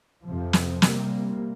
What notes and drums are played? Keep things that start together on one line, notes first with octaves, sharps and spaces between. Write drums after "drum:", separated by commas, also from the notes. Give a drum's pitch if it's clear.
F2 C3 F3
drum: snare
C3 G3 A#3, drum: snare